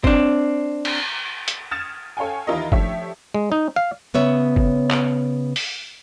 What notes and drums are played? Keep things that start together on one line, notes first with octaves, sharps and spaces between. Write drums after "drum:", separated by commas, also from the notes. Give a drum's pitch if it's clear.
C4 D4, drum: kick
drum: cymbal
drum: hi-hat
D#6 F6 G#6 A6 C#7 E7
A4 C#5 F5 G5 G#5
D#2 E3 E4 F4 A#4 D#5
F3 A3 D4 G4 C#5 E5, drum: kick
G#3
D#4
F5
C#3 B3 C#5 E5
drum: kick
drum: clap
drum: open hi-hat